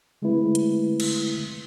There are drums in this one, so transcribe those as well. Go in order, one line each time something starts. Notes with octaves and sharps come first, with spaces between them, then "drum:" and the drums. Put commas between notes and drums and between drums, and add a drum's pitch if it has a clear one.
D3 G#3 A3 C4 E4 B4
drum: hi-hat
drum: cymbal